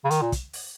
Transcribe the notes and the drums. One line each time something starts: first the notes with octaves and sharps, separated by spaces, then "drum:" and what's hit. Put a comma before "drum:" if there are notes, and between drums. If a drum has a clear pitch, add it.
C#3
D#3, drum: hi-hat
A#2
drum: kick, hi-hat
drum: open hi-hat